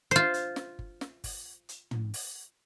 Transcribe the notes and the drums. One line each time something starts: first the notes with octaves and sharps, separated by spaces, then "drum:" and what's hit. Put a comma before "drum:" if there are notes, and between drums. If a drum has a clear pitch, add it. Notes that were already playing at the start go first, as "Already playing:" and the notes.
F4 C5
drum: hi-hat
drum: snare
drum: kick G1
drum: snare
drum: kick G1, open hi-hat
drum: hi-hat
drum: tom
drum: open hi-hat